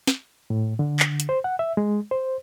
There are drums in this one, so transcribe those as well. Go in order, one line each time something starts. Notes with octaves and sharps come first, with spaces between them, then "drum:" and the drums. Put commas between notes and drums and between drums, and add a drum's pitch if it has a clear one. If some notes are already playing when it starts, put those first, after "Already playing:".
drum: snare
A2
D3
drum: clap
drum: hi-hat
C5
F#5
E5
G#3
C5